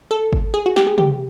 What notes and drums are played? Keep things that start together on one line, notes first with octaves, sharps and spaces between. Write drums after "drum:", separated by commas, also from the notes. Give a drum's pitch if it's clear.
A4
drum: kick G1
G#4
F#4
G4, drum: snare
G#4
G4, drum: tom